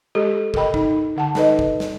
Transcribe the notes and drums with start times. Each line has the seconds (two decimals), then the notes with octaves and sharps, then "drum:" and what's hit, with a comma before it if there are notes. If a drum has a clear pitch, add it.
0.15 G#3 G4 A4
0.54 A4 A#4 D#5 G5 B5, drum: kick
0.74 D#4, drum: kick
1.16 D3 F#5 A5
1.35 D#4 A4 B4 D#5, drum: snare
1.59 drum: kick
1.80 drum: snare